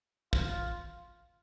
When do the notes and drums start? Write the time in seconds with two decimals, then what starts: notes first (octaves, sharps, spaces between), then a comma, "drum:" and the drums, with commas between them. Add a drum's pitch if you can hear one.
0.33 F4, drum: kick